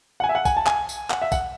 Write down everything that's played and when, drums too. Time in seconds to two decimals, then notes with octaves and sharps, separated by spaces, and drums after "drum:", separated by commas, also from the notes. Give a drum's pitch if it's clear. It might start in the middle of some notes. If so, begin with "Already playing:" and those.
0.20 F#5
0.24 G#5
0.29 E5
0.35 F#5
0.45 G#5, drum: kick, tambourine
0.57 A5
0.67 G#5, drum: clap
0.89 drum: tambourine
1.10 F#5, drum: clap
1.22 E5
1.32 F#5, drum: kick, tambourine